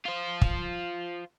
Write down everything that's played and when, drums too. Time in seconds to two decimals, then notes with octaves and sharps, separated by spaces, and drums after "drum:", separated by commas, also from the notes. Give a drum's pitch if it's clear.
0.06 F4 C5
0.42 drum: kick